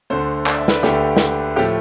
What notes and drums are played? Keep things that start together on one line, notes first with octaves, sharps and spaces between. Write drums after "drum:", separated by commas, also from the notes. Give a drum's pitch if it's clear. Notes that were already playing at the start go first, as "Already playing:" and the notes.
D2 D3 A3 A4 C5
D5, drum: clap
E5
B4 D5, drum: snare
D2 D3 A3 G4, drum: snare
drum: snare
A2 F3 A3 G4